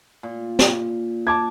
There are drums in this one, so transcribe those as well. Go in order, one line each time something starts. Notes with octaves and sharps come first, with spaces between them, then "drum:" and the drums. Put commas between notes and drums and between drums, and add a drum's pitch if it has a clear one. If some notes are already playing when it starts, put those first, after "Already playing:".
A#2
drum: snare
A5 D6 G#6